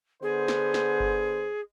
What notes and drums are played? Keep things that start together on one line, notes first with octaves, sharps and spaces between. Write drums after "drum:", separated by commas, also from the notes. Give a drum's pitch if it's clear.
D3 B3 G#4 C5
drum: snare
drum: snare
drum: kick G1